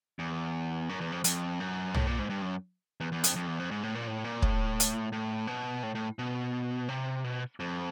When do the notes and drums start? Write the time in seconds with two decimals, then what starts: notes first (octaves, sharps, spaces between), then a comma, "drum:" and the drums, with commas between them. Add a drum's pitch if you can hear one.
0.19 E2
0.89 F#2
1.01 E2
1.12 F2
1.24 F2, drum: hi-hat
1.60 F#2
1.94 A2, drum: tom
2.07 A#2
2.19 G#2
2.30 G2
2.42 F#2
3.00 E2
3.12 E2
3.24 F2, drum: hi-hat
3.36 F2
3.47 E2
3.60 F2
3.71 G#2
3.83 A2
3.95 A#2
4.07 A2
4.24 A#2
4.42 A2, drum: kick
4.80 drum: hi-hat
5.12 A2
5.47 B2
5.83 A2
5.95 A2
6.19 B2
6.89 C3
7.24 B2
7.60 F2